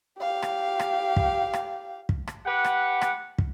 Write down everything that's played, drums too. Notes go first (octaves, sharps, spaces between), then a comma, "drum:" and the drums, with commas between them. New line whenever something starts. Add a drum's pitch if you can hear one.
G4 F5
drum: rim click
drum: rim click
drum: kick
drum: rim click
drum: kick
drum: rim click
G4 B4 F#5
drum: rim click
drum: rim click
drum: kick